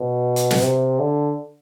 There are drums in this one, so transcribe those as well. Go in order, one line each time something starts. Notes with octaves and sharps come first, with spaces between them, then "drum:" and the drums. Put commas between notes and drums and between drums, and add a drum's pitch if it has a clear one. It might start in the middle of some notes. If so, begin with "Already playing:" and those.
Already playing: B2
drum: hi-hat
drum: snare
C3
D3